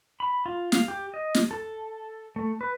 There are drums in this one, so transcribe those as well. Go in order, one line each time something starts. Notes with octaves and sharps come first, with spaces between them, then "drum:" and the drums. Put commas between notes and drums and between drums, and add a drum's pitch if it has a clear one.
B5
F4
F5, drum: snare
G4
D#5
drum: snare
A4
A3
B4